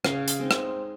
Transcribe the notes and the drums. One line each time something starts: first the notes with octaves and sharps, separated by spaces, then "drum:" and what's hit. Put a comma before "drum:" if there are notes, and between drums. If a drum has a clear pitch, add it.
C#3 F5, drum: rim click
drum: hi-hat
G#3 C4 D#4
drum: rim click